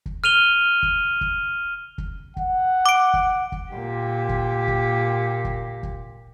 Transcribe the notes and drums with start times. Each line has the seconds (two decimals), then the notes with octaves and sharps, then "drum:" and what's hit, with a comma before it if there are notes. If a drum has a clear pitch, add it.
0.06 drum: kick
0.24 F6 D#7 F7 G7
0.83 drum: kick
1.21 drum: kick
1.98 drum: kick
2.37 F#5, drum: kick
2.86 D6 D7
3.14 drum: kick
3.52 drum: kick
3.71 A#2 G4
4.29 drum: kick
4.68 drum: kick
5.45 drum: kick
5.83 drum: kick